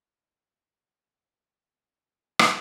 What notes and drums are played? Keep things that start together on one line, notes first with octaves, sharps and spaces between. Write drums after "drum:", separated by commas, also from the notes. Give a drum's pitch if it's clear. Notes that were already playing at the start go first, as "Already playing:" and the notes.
E3
F4 C#5
F#2 B3
G#3 A4
drum: rim click